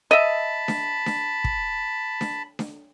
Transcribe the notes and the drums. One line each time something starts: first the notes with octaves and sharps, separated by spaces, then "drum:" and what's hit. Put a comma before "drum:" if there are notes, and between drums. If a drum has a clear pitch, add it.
D#5 E5 A5 B5
drum: snare D4
drum: snare D4
drum: kick
drum: snare D4
drum: snare D4